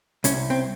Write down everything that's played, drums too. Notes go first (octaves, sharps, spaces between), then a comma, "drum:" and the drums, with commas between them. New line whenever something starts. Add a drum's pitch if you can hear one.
C2 C#4, drum: hi-hat
C4